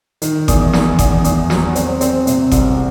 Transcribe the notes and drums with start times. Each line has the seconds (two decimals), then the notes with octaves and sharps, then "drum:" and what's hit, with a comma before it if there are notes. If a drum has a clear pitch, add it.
0.22 D#3, drum: hi-hat
0.48 E2, drum: kick G1, hi-hat
0.73 E2, drum: snare
0.99 E2, drum: kick G1, hi-hat
1.24 E2, drum: hi-hat
1.50 F#3, drum: snare
1.75 C4, drum: hi-hat
2.01 C4, drum: hi-hat
2.27 C3, drum: hi-hat
2.51 C2, drum: kick G1, hi-hat